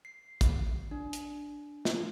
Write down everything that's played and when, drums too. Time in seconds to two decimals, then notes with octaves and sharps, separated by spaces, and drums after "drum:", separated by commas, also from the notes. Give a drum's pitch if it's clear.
0.05 C7
0.41 drum: kick, hi-hat
0.91 D4
1.13 drum: hi-hat
1.85 drum: snare